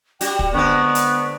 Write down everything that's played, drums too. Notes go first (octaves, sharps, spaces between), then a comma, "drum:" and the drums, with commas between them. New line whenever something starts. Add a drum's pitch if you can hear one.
G3 F#4 G5, drum: hi-hat
drum: kick
D3 G#3 B3 C4 C#6
drum: hi-hat